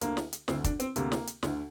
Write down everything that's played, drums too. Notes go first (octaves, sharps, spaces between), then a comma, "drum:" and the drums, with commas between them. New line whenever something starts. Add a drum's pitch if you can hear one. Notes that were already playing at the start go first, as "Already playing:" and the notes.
D2 D3 A#3, drum: hi-hat
drum: snare
drum: hi-hat
D2 D3 C4, drum: snare
D4, drum: kick, hi-hat
C4, drum: hi-hat
D2 C3 A#3, drum: hi-hat
drum: snare
drum: hi-hat
D2 D3, drum: snare